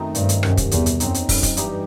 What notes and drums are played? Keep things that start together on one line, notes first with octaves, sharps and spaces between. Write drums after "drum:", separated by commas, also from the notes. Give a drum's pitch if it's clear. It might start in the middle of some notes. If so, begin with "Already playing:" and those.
Already playing: F#2 D#3 A3 C4 D#4
G2, drum: hi-hat
drum: hi-hat
C2 F#2 C3 D#3, drum: rim click
drum: kick, hi-hat
E2, drum: hi-hat
drum: hi-hat
F#2 F#3 C4 D#4, drum: hi-hat
drum: hi-hat
F#2, drum: kick, open hi-hat
drum: kick, hi-hat
G2 E3 G3 D#4 G4, drum: hi-hat